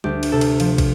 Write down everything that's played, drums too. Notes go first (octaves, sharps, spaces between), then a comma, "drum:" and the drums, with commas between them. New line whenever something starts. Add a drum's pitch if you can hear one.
D2 G4, drum: tom G3
drum: cymbal
C3 A4
drum: cymbal
F3, drum: cymbal
drum: kick, cymbal